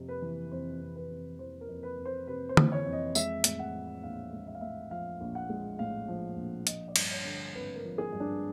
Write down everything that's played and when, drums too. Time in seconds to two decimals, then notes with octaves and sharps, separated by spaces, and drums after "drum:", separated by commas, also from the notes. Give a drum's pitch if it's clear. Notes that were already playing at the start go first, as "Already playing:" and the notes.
Already playing: F2 C3
0.08 B4
0.22 E3
0.52 F2 C5
0.80 F2
0.96 B4
1.10 C3
1.39 E3 C5
1.61 A#4
1.69 F2
1.83 B4
1.98 F2
2.05 C5
2.27 C3 B4
2.49 C5
2.57 E3, drum: tom
2.72 C#5
2.86 F2
2.93 D#5
3.15 G#3 E5, drum: tambourine
3.44 A2, drum: hi-hat
3.59 F#5
3.73 F3
4.03 A#1 F5
4.33 G#3
4.47 E5
4.55 F5
4.61 A2 E5
4.91 F3 F5
5.21 A#1
5.35 F#5
5.49 G#3
5.79 A2 F5
6.08 F3
6.37 A#1
6.67 F3 D#5, drum: hi-hat
6.88 D5
6.96 G2, drum: cymbal
7.11 C#5
7.25 D3
7.55 G#1 B4
7.76 A#4
7.84 F3
7.98 G#4
8.12 G2
8.20 D4